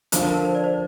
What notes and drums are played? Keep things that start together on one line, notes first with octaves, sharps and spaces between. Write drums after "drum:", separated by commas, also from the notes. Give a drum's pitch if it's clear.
D3 F3 D4 C5, drum: hi-hat
A#4
A#4
C5
D5
C5